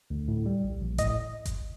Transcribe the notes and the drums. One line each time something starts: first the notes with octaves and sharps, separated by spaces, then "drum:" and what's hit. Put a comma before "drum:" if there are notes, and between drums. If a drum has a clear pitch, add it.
D2
A2
G3
A#1
A#1
A2 D#5, drum: kick F#1, hi-hat
drum: kick F#1, hi-hat